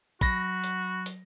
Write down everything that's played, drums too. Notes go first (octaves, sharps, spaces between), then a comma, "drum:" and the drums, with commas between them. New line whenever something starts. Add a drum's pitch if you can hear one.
F#3 F#4 B5 A#6, drum: kick, hi-hat
drum: hi-hat
drum: hi-hat